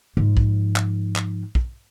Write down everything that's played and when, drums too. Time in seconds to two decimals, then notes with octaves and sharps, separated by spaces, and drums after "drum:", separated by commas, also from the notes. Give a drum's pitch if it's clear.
0.17 G#2 F3
0.37 drum: kick
0.76 drum: clap
1.16 drum: clap
1.55 drum: kick